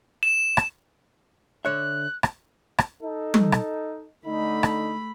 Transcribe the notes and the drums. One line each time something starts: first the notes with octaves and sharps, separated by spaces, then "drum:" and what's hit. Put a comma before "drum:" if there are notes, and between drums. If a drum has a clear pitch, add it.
E7
drum: rim click
D3 C#5 E5 F#6
drum: rim click
drum: rim click
D#4 A4
drum: tom
drum: rim click
D3 A3 D#4 B5
drum: rim click